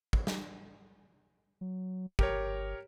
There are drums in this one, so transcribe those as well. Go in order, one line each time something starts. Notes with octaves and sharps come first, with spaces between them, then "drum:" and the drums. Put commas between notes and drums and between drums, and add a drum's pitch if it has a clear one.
drum: kick
drum: snare
F#3
G1 G4 A#4 C#5, drum: kick